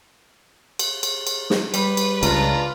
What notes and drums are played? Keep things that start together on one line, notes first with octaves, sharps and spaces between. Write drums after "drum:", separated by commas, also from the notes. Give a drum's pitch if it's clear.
drum: cymbal
drum: cymbal
drum: cymbal
drum: snare
G3 B4, drum: cymbal
drum: cymbal
C#2 D4 F4 A#5, drum: cymbal